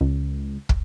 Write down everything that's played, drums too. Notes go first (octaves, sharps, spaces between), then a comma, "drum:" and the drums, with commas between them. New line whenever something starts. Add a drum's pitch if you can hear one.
C#2
drum: kick